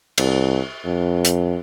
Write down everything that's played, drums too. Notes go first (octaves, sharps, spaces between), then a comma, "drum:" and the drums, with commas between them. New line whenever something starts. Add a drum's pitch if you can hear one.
C2, drum: cymbal
F2
drum: hi-hat